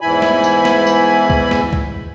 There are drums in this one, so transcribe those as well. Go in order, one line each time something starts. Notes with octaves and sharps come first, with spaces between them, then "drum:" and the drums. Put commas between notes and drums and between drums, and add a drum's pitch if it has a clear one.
E2 G#2 E3 E4 G#5 B5
drum: snare
drum: tambourine
drum: snare
drum: tambourine
drum: kick C2
drum: snare
drum: kick C2